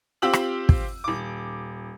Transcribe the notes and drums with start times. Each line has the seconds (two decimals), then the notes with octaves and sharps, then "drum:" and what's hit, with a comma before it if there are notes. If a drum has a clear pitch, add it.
0.22 C4 F4 G4 E6 F#7
0.33 drum: rim click
0.69 drum: kick
1.04 D#1 D6